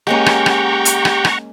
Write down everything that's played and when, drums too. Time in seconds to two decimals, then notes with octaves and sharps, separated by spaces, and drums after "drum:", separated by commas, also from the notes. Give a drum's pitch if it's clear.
0.07 G#3 A#3 C#4 G4 F#5 A#5 C#6
0.26 drum: rim click
0.46 drum: rim click
0.85 drum: hi-hat
1.05 drum: rim click
1.25 drum: rim click